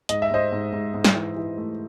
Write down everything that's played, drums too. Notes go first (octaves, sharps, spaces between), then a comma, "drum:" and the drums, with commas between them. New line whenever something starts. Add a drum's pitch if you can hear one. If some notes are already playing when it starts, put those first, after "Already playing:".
G#2 D#5, drum: hi-hat
E5
G#2 C5 D#5
G#2
G#2
G#2
drum: snare
E3
E3
A3